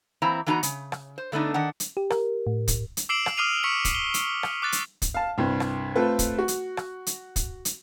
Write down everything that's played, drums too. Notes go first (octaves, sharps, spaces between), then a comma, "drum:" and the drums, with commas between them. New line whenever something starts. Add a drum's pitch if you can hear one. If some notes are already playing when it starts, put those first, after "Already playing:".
E3 A#3 C4 E4 A#5
E3 B3 D#4 F#4 A5 A#5
C#3, drum: hi-hat
drum: rim click
C5
D3 A3 B3 D4 D#4
D#3 D4 F#5
drum: hi-hat
G4
A#4, drum: rim click
A2
drum: kick, hi-hat
drum: hi-hat
D6 E6 C7 D7 E7 F#7
drum: rim click
D6 D#6 F6 C7 D#7 F7
C#6 B6 C#7 D7
drum: kick, hi-hat
G7
drum: hi-hat
drum: rim click
D6 F#6 A6
drum: hi-hat
drum: kick, hi-hat
F5 A5
C2 G2
drum: rim click
A3 C4 F4 A4 B4
drum: kick, hi-hat
F#4
drum: hi-hat
drum: rim click
drum: hi-hat
drum: kick, hi-hat
drum: hi-hat